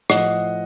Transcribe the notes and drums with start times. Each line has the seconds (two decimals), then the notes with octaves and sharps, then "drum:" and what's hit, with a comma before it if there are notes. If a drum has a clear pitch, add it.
0.10 A2 F3 D#5 F#5, drum: rim click